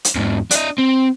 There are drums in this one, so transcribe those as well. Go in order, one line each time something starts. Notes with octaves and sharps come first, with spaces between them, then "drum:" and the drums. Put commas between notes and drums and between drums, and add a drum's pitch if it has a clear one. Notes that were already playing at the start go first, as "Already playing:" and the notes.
drum: hi-hat
E2 G#2
D4 D#5, drum: hi-hat
C4